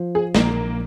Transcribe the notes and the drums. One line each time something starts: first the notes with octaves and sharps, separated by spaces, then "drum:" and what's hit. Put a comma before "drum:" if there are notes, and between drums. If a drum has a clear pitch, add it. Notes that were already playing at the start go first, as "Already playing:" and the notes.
Already playing: F3
G#4
A#1 A#3, drum: snare